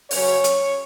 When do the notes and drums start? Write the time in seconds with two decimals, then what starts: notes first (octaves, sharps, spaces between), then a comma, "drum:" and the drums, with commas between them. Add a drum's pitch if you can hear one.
0.11 C#3 F#3 C#4 C#5, drum: open hi-hat
0.44 drum: hi-hat